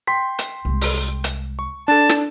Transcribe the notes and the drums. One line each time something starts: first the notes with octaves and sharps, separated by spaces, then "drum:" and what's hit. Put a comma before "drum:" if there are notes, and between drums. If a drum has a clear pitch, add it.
G5 C6 B6
drum: hi-hat
C2 G#3
drum: open hi-hat
drum: hi-hat
C#6
D4 A4 A5
drum: snare